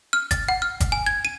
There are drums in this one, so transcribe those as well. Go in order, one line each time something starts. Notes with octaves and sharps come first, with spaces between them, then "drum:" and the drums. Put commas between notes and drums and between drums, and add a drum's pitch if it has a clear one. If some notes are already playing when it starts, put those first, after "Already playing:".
F6
A6, drum: kick, hi-hat
F#5
F6
drum: kick, hi-hat
G#5
G#6
D#7